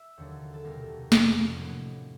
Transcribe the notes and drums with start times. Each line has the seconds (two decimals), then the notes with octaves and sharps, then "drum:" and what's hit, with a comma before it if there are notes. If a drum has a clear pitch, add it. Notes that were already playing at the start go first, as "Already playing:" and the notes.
Already playing: E5
0.18 D#2 D3 F#3
0.53 A4
0.64 C2 B2 G3 A#4
1.12 F2 C3 F3 A3 C#4, drum: snare
1.58 A2 F#3 A#3 D#4